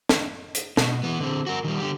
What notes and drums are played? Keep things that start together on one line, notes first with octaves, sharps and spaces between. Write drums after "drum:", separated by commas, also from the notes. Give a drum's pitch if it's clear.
drum: snare
drum: hi-hat
B2, drum: snare
E3 B3
D3 C4
F#4 A#4
D#3 G3
D3 G4